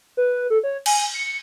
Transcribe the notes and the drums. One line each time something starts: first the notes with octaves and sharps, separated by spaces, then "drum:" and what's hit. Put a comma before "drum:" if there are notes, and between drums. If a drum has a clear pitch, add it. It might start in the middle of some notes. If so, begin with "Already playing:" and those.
B4
A4
C#5
G#5, drum: cymbal
C#7